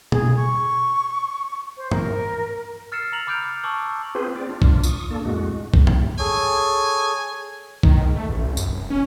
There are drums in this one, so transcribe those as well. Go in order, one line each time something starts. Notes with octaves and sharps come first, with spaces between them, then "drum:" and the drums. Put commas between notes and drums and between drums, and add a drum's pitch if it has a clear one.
G#4, drum: tom B2
C#6
C5
A#4, drum: tom G2
E6 F6 A6 C7 C#7 E7
A#5 A#6 F7 F#7
B5 D6 F6 G6 D7 F7
A5 C#6 D6 E6 F#7
C#6
C4 F4 G#4 B4 C5
C4 D5
D4 F4
drum: kick
C#6 D#6, drum: tambourine
A#3 D4 A4
F2 A2 G#3 F#4
drum: kick
drum: tom G2
G#4 A4 C#5 G#5
D#3, drum: kick
G#2
A3
A1
C2
F#2, drum: tambourine
F1
C#4